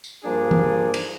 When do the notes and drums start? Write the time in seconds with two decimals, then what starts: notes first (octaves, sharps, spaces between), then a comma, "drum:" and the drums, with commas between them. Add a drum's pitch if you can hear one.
0.04 drum: tambourine
0.23 G2 F3 A#3 D4 G#4
0.51 drum: tom E3
0.94 drum: cymbal